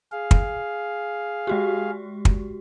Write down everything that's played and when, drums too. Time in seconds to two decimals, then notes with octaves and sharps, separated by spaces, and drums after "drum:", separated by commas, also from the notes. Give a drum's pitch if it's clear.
0.12 G#4 F5
0.31 drum: kick
1.47 G#3 F#4 G4
2.25 drum: kick